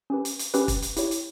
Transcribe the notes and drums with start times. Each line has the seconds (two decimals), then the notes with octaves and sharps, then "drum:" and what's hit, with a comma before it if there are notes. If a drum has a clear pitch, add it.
0.10 C#4 G4 B4
0.25 drum: hi-hat
0.39 drum: hi-hat
0.54 C#4 G4 B4, drum: hi-hat
0.68 drum: kick, hi-hat
0.82 drum: hi-hat
0.97 E4 G4 C#5, drum: hi-hat
1.11 drum: hi-hat